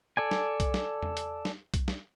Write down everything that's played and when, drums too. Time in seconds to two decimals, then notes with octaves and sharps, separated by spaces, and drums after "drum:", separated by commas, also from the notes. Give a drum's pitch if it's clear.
0.17 A4 D5 G#5
0.31 drum: snare
0.60 drum: kick B1, hi-hat
0.74 drum: snare
1.03 drum: tom E2
1.17 drum: hi-hat
1.45 drum: snare
1.74 drum: kick B1, hi-hat
1.88 drum: snare